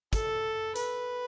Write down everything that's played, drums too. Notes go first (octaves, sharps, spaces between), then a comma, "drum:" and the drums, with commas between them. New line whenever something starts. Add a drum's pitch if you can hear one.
A4, drum: kick, hi-hat
B4, drum: hi-hat